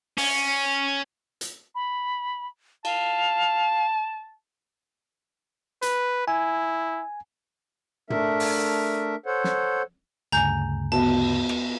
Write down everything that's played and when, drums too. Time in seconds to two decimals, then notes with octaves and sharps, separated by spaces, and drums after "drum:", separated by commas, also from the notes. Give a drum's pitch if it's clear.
0.18 C#4, drum: open hi-hat
1.41 drum: hi-hat
1.75 B5
2.85 F5 A5, drum: cymbal
5.82 B4, drum: hi-hat
6.28 E4 G#5
8.10 A3 D4 A#4 E5, drum: tom
8.40 drum: open hi-hat
9.26 A4 C5 C#5 F#5
9.44 drum: snare
10.32 D2 G2 C#3 G#5 A#5 G6
10.92 B3 F#4 A5, drum: cymbal
11.49 drum: rim click